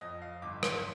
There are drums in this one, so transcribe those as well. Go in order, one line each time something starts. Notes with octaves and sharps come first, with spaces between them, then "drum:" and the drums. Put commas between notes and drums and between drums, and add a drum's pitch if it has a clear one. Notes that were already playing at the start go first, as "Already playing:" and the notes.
F2 D#5
F5
G1 D6
C6, drum: rim click